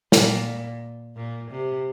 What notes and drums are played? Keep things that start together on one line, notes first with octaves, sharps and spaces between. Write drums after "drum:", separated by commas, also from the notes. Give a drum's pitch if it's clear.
A#2, drum: snare
A#2
C3